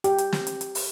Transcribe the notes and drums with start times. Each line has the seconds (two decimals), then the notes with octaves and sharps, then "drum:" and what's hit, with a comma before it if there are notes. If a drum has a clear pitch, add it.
0.04 G4, drum: hi-hat
0.18 drum: hi-hat
0.33 drum: snare
0.47 drum: hi-hat
0.61 drum: hi-hat
0.75 drum: open hi-hat